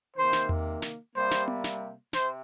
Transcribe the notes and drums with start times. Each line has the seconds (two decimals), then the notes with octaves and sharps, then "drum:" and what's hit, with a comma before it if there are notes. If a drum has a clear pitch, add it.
0.17 C3 D#3 A#3 C5
0.33 drum: snare
0.49 drum: tom E2
0.82 drum: snare
1.14 C3 G3 A#3 C5
1.31 drum: snare
1.48 drum: tom B3
1.64 drum: snare
2.13 C3 C5, drum: snare